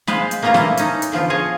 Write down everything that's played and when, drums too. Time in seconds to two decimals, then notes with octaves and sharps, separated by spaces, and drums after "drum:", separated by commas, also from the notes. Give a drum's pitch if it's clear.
0.07 G#3 B3 B4 C5 F5, drum: snare
0.31 drum: hi-hat
0.43 A#3 B3 C#4 F4 A#5
0.54 A#3 E4 A4 D5 D#5, drum: snare
0.77 C#4 D#4 A4, drum: hi-hat
1.02 drum: hi-hat
1.12 D3 F3 B3 F4
1.30 F4 G#4 C#5 D#5